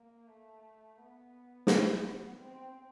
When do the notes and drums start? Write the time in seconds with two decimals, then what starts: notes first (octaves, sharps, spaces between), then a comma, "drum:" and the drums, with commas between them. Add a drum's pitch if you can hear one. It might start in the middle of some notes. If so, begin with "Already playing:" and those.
Already playing: A#3
0.27 A3
0.97 B3
1.67 B3, drum: snare
2.37 C4